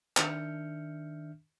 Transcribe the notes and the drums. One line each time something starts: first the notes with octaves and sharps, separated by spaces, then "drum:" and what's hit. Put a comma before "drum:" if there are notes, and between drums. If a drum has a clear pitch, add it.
D#3 D4 E5 F6 G6 C#7, drum: clap